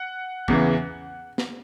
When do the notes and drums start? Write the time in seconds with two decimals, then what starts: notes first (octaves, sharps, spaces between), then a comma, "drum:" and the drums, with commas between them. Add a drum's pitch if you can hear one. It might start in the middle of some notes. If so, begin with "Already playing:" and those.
Already playing: F#5
0.48 E2 C#3 E3, drum: kick A1
1.38 drum: snare